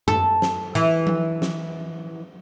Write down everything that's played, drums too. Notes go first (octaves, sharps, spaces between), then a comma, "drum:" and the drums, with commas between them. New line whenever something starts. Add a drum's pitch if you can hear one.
A4, drum: tom F#2
drum: snare
E3, drum: hi-hat
drum: tom F3
drum: snare